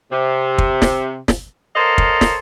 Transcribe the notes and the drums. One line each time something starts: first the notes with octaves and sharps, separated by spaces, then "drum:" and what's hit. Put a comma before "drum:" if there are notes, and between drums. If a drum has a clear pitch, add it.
C3
drum: kick
drum: snare
drum: snare
A4 A#4 C5 C#5 D#5 F5
drum: kick
drum: snare